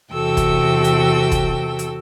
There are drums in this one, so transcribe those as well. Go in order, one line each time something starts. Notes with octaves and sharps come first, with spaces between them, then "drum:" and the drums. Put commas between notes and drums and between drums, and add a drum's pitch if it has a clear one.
E2 C3 F#4 A4 G5 E6
drum: kick, hi-hat
drum: hi-hat
drum: kick, hi-hat
drum: hi-hat